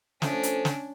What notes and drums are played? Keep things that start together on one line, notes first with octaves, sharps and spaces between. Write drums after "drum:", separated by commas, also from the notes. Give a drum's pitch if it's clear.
F3 A3 C#4 D4, drum: snare
drum: hi-hat
drum: snare